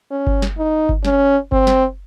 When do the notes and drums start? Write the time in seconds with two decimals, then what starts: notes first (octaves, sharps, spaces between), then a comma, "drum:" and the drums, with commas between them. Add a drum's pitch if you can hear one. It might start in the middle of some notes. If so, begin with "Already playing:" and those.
0.11 C#4
0.27 drum: kick G1
0.42 drum: snare
0.58 D#4
0.89 drum: kick G1
1.05 C#4, drum: snare
1.52 C4, drum: kick G1
1.67 drum: snare